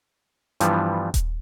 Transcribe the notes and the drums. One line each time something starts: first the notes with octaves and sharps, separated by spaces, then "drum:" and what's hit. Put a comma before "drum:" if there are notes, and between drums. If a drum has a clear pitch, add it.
G2 E3 F3 G3 B3, drum: hi-hat
drum: kick D#1, hi-hat